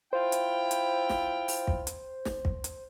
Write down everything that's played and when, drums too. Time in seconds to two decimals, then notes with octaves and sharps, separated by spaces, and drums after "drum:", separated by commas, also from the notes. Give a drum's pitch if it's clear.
0.13 E4 F4 C5 G5
0.32 drum: hi-hat
0.71 drum: hi-hat
1.09 drum: snare
1.48 drum: open hi-hat
1.67 drum: kick
1.87 drum: hi-hat
2.25 drum: snare
2.45 drum: kick
2.64 drum: hi-hat